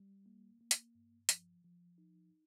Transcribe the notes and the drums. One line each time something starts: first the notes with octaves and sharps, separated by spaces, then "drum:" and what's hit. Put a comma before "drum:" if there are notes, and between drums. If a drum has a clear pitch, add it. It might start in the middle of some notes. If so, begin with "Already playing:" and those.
Already playing: G3
A#3
A#3
drum: hi-hat
G2
F3, drum: hi-hat
F3
D#4